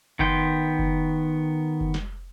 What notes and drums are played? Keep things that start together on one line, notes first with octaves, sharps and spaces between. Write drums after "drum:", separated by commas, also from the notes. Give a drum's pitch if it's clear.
D#3 B3 G5 C6, drum: kick F#1
drum: kick F#1
drum: kick F#1
drum: snare